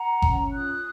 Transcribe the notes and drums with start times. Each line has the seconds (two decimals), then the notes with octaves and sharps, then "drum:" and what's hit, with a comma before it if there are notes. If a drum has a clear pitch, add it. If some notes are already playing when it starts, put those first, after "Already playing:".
Already playing: F#5 A#5
0.22 C#4, drum: kick G1
0.51 F4 D#6 F#6